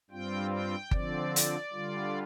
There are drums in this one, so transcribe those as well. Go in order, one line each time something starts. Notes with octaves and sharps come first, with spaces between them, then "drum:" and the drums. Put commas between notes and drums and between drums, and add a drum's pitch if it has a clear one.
G2 G3 C4 F4 G5
G5
D3 F3 C4 D5, drum: kick G1
drum: hi-hat
D3 G3 F4